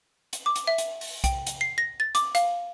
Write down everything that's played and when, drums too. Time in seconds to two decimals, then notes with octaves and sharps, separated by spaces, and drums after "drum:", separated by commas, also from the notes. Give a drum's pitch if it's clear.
0.33 drum: hi-hat
0.46 D6
0.56 drum: hi-hat
0.67 E5
0.78 drum: hi-hat
1.01 drum: open hi-hat
1.24 G5, drum: kick B1, hi-hat
1.47 drum: hi-hat
1.61 C7
1.78 A#6
2.00 A6
2.15 D6, drum: hi-hat
2.35 F5, drum: hi-hat